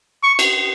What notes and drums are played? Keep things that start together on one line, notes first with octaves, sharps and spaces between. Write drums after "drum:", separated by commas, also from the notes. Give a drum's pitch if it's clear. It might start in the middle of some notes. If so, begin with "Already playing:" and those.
C#6
drum: cymbal